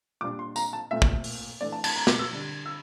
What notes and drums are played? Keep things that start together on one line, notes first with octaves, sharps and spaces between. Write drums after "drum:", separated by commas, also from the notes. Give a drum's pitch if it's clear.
A#2 G3 D4 D6
C6
A#5, drum: tambourine
A5
A#2 A3 C4 E5
drum: kick
drum: open hi-hat
E3 A3 D4 D5
A5
A5, drum: cymbal
A#5
D6, drum: snare
E6
D3 G3 D4
E6